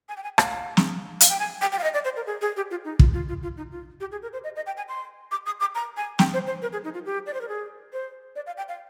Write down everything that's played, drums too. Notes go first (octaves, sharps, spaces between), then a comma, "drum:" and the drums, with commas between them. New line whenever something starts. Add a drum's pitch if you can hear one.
G#5
G5
G#5
F5, drum: rim click
drum: snare
F5, drum: hi-hat
G5
G#5
G5
G5
F5
D#5
D5
C5
A#4
G#4
G#4
G4
F4
D#4
F4, drum: kick
F4
F4
F4
D#4
F4
G4
G#4
A#4
C5
D#5
D#5
G5
G#5
C6
D6
D#6
D6
A#5
G#5
G5, drum: snare
C5
C5
A#4
G#4
D#4
F4
G4
D5
C5
A#4
G#4
C5
D5
F5
G5
F5